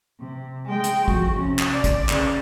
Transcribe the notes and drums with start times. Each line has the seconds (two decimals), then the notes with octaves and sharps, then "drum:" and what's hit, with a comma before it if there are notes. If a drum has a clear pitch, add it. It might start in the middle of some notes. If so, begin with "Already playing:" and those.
0.20 C3
0.66 G#3 G5
0.84 drum: hi-hat
1.08 F2 F#4, drum: kick
1.38 C3 C#4
1.59 drum: clap
1.72 D5
1.84 drum: kick, hi-hat
2.09 C#3, drum: clap